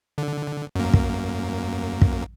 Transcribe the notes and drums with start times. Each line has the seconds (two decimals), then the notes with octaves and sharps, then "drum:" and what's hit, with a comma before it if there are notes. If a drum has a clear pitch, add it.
0.18 D3
0.75 F#2 A#3
0.93 drum: kick
2.01 drum: kick